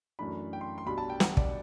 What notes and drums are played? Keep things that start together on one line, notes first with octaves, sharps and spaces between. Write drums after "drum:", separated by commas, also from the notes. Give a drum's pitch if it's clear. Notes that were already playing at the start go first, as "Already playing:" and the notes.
F#2 E3 A3 D4 B5
G5
C6
C6
B1 B2 G3 D4 B5
A5
G5
F#5, drum: snare
D5, drum: kick